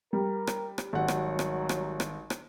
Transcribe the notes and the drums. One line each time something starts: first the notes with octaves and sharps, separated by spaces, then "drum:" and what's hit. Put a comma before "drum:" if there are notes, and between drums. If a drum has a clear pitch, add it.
G3 A#4
drum: rim click
drum: rim click
G#1 F#3 F#5
drum: rim click
drum: rim click
drum: rim click
drum: rim click
drum: rim click